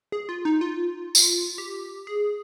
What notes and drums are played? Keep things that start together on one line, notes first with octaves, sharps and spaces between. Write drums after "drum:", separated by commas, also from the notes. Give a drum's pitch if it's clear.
G#4
F4
D#4
F4
drum: tambourine
G4
G#4